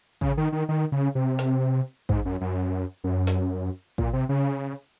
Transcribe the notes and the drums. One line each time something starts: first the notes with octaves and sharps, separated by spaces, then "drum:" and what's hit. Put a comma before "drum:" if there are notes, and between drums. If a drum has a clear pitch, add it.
C#3, drum: kick
D#3
D#3
D#3
C#3
C3
drum: snare
G#2, drum: kick
F#2
F#2
F#2
drum: snare
A#2, drum: kick
C3
C#3